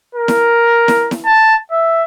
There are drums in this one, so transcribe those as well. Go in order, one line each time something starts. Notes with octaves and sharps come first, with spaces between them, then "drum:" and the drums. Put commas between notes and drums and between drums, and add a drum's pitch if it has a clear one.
A#4
drum: snare E4
drum: snare E4
drum: snare E4
A5
E5